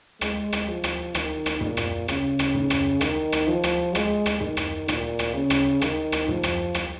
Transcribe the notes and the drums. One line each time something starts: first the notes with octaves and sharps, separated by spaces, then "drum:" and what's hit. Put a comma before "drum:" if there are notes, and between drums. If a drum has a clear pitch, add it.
G#3, drum: rim click
drum: rim click
F3
drum: rim click
D#3, drum: rim click
drum: rim click
A#2, drum: tom
drum: rim click
C#3, drum: rim click
drum: rim click
drum: tom
drum: rim click
D#3, drum: rim click
drum: rim click
F3
drum: rim click
G#3, drum: rim click
drum: rim click
D#3, drum: tom
drum: rim click
A#2, drum: rim click
drum: rim click
C#3
drum: rim click
D#3, drum: rim click
drum: rim click
F3, drum: tom
drum: rim click
drum: rim click